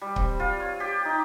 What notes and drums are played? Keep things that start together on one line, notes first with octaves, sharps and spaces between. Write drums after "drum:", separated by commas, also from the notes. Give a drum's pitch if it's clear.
G3
C4, drum: kick C#1
F4
C#5
G4
D#4